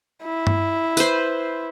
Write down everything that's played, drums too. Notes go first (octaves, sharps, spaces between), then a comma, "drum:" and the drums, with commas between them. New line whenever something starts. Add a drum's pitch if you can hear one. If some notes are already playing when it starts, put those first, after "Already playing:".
E4
drum: tom G2
B4 C5, drum: tambourine